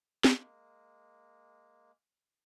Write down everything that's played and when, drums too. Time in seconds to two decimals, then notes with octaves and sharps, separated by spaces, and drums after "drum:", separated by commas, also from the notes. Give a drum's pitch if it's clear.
0.24 G#3 A#3, drum: snare